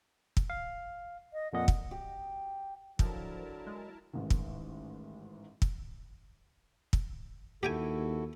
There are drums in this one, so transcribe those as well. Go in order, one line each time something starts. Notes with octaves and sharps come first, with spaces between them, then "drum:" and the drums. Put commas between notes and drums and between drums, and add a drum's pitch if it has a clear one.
drum: kick
F5
D#5
F2 A#2 D#5 F#5
drum: kick
G4
D3 F3 F#3 E4 A#4 A5, drum: kick
G#3
A1 G#2 D#3
drum: kick
drum: kick
drum: kick
D#2 E4 F#4 G4 A4 G5 G#5